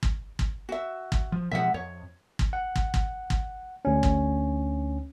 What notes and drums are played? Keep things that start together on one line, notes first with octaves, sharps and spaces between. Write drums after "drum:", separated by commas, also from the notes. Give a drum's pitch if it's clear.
drum: kick
drum: kick
F#4 E5
drum: kick
F3
B2 F3 G#3 E5 F#5
F2 C#5
drum: kick
F#5
drum: kick
drum: kick
drum: kick
D2 C#4
drum: kick